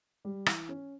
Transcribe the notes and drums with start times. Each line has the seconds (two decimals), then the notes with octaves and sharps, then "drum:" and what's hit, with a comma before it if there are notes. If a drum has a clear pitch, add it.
0.25 G3
0.46 E3, drum: rim click
0.69 C#4